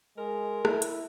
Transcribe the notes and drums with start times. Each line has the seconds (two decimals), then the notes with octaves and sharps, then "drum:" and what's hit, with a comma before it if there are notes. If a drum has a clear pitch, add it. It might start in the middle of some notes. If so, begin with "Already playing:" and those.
0.18 G#3 A#4
0.65 E4, drum: rim click
0.82 drum: hi-hat